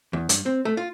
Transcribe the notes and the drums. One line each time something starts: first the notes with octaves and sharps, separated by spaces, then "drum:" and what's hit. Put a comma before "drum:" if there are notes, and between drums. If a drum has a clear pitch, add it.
E2
G2, drum: hi-hat
C4
A3
F4